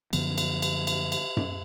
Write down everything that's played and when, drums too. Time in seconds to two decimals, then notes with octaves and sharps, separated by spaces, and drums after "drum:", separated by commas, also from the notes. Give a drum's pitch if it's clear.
0.13 F#2 D3 F3 B3, drum: cymbal
0.38 drum: cymbal
0.62 drum: cymbal
0.87 drum: cymbal
1.12 drum: cymbal
1.37 drum: tom F#2